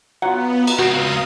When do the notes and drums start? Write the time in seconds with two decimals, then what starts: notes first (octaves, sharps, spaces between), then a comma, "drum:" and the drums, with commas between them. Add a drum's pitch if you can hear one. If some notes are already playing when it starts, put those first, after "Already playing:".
0.22 F#3 B3 F4 F#5
0.67 drum: cymbal
0.79 C#2 C4 F#4 F5 D#6